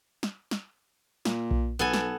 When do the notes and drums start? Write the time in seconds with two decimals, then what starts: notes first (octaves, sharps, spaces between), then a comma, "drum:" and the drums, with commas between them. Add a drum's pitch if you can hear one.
0.23 drum: snare
0.51 drum: snare
1.25 A#2, drum: snare
1.51 drum: kick B1
1.79 B1 B3 A4 G#5
1.94 drum: snare